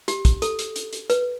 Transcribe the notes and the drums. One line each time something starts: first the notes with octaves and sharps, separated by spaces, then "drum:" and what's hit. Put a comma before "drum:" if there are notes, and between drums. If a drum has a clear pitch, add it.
G4, drum: hi-hat
drum: kick, hi-hat
A4, drum: hi-hat
drum: hi-hat
drum: hi-hat
drum: hi-hat
B4, drum: hi-hat